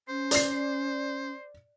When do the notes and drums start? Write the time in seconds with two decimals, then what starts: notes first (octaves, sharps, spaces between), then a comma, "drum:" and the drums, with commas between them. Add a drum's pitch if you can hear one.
0.08 C#4 C5
0.31 D5 C7, drum: hi-hat